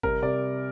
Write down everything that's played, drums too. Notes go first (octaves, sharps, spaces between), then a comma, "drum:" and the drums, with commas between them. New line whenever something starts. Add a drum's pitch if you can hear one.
C2 A#4, drum: kick G#1
C3 D5